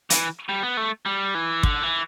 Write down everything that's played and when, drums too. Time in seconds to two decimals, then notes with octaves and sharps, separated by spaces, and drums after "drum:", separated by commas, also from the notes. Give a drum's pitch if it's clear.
0.10 E3, drum: hi-hat
0.49 G3
0.63 B3
0.77 A3
1.06 G3
1.35 E3
1.63 D3, drum: kick
1.83 E3